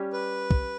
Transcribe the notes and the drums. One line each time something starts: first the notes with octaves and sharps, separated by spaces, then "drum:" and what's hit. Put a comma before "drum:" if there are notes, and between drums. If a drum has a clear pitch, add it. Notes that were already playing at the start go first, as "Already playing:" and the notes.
Already playing: G3 C#4 G4
B4
drum: kick